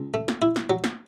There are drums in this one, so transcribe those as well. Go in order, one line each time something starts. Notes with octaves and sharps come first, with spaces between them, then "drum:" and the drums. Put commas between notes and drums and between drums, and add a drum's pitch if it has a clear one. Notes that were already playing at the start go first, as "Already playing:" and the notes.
Already playing: C#2
A3
drum: snare
E4
drum: snare
F#3
drum: snare